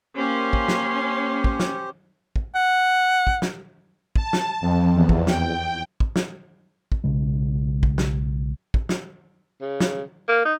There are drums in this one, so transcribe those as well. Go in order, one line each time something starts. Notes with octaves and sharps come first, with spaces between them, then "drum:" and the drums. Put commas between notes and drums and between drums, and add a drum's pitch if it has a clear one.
A#3 C#4 G4 C5 C6
drum: kick
drum: snare
drum: kick
drum: snare
drum: kick
F#5
drum: kick
drum: snare
A5, drum: kick
drum: snare
F2
E2
drum: kick
G5, drum: snare
drum: kick
drum: snare
drum: kick
B1 C#3 G#3
drum: kick
drum: snare
drum: kick
drum: snare
C#3
drum: snare
A#3
D#4